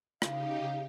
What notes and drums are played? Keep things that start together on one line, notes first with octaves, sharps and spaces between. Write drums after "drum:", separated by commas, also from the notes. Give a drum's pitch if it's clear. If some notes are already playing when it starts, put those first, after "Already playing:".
C#3 D#4 G4 F5, drum: rim click